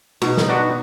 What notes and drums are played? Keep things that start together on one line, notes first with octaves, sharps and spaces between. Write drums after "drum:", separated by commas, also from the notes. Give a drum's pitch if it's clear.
B2 D#4, drum: cymbal
drum: snare
B3 D4 F#4